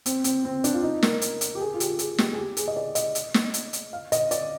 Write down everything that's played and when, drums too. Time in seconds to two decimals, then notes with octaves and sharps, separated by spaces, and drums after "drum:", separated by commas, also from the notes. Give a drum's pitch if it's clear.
0.06 C4, drum: hi-hat
0.24 C4, drum: hi-hat
0.45 C4
0.64 D4, drum: hi-hat
0.74 F4
0.83 D#4
1.03 A#4, drum: snare
1.22 drum: hi-hat
1.41 drum: hi-hat
1.55 G4
1.60 G#4
1.74 F4
1.80 G4, drum: hi-hat
1.99 G#4, drum: hi-hat
2.18 G4, drum: snare
2.33 G#4
2.38 G4
2.57 G#4, drum: hi-hat
2.68 D#5
2.76 D5
2.95 D#5, drum: hi-hat
3.15 drum: hi-hat
3.34 drum: snare
3.54 drum: hi-hat
3.73 drum: hi-hat
3.93 F5
4.12 D#5, drum: hi-hat
4.31 D5, drum: hi-hat